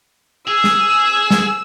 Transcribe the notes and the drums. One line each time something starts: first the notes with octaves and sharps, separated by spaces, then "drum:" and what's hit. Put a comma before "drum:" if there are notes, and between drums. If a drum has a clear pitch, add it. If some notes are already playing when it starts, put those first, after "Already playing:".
G#4 E6
drum: snare
drum: snare